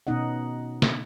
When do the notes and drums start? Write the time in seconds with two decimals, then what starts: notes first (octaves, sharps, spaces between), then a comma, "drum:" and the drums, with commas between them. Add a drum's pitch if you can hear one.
0.07 B2 B3 C#4 D#4 D#5 F#5
0.82 drum: snare